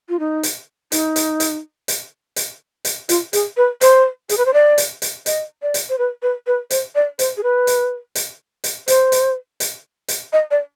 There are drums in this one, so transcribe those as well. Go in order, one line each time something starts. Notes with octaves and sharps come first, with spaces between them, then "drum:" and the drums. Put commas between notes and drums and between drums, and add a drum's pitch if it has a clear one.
F4
D#4
drum: hi-hat
D#4, drum: hi-hat
drum: hi-hat
drum: hi-hat
drum: hi-hat
drum: hi-hat
drum: hi-hat
F4, drum: hi-hat
G#4, drum: hi-hat
B4
C5, drum: hi-hat
G#4, drum: hi-hat
B4
C5
D5
drum: hi-hat
drum: hi-hat
D#5, drum: hi-hat
D5
drum: hi-hat
C5
B4
B4
B4
C5, drum: hi-hat
D5
C5, drum: hi-hat
G#4
B4
drum: hi-hat
drum: hi-hat
drum: hi-hat
C5, drum: hi-hat
drum: hi-hat
drum: hi-hat
drum: hi-hat
D#5
D5